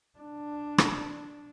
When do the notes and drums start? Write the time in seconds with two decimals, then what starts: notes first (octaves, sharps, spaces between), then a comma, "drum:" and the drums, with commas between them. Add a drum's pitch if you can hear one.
0.19 D4
0.78 drum: rim click